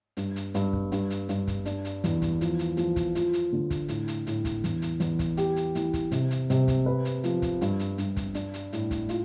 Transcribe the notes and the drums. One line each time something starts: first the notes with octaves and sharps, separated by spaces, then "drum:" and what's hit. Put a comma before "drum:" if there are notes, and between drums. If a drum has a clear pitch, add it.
G2, drum: hi-hat
drum: hi-hat
G2, drum: hi-hat
drum: kick
G2, drum: hi-hat
drum: hi-hat
G2, drum: hi-hat
drum: kick, hi-hat
D4, drum: hi-hat
drum: hi-hat
E2, drum: hi-hat
drum: kick, hi-hat
F3, drum: hi-hat
drum: hi-hat
F3, drum: hi-hat
drum: kick, hi-hat
F4, drum: hi-hat
drum: hi-hat
D3
drum: kick, hi-hat
A2, drum: hi-hat
drum: hi-hat
A2, drum: hi-hat
drum: kick, hi-hat
E2, drum: hi-hat
drum: hi-hat
E2, drum: hi-hat
drum: kick, hi-hat
G4, drum: hi-hat
drum: hi-hat
E3, drum: hi-hat
drum: kick, hi-hat
C3, drum: hi-hat
drum: hi-hat
C3, drum: hi-hat
drum: kick, hi-hat
B4
drum: hi-hat
F3, drum: hi-hat
drum: kick, hi-hat
G2, drum: hi-hat
drum: hi-hat
G2, drum: hi-hat
drum: kick, hi-hat
D4, drum: hi-hat
drum: hi-hat
A2, drum: hi-hat
drum: kick, hi-hat
F4, drum: hi-hat